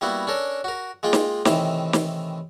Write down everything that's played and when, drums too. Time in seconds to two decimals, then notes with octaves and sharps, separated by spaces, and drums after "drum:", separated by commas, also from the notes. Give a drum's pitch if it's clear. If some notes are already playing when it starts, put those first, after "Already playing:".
0.01 G3 A#3 B3 E4 F#4
0.27 C#4 D4 A4 A#4
0.64 F#4 A#4
1.03 G#3 A#3 F4 G5
1.13 drum: snare
1.45 A2 C3 D#3 E3, drum: snare
1.93 drum: snare